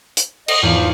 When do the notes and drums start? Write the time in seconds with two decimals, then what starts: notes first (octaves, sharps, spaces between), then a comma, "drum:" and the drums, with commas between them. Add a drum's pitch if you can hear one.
0.17 drum: hi-hat
0.48 D#5, drum: cymbal
0.62 E2 G#2 F3